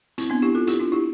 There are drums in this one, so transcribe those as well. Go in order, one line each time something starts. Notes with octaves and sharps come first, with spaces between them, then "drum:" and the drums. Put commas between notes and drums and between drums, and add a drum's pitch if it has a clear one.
C4 E4, drum: hi-hat
B3 D4
E4 G4
F4 A4
E4 G4, drum: hi-hat
D4 F4
E4 G4